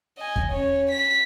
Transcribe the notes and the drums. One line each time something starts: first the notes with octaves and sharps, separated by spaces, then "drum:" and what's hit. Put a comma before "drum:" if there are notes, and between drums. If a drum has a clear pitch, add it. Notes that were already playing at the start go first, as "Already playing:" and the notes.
D#5 G#5
drum: kick E2
C#4 C#5
B6